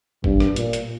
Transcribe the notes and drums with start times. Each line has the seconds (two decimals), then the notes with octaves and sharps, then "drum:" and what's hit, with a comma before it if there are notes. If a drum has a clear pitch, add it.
0.24 G2, drum: kick
0.40 drum: rim click
0.56 A#2, drum: hi-hat
0.73 drum: hi-hat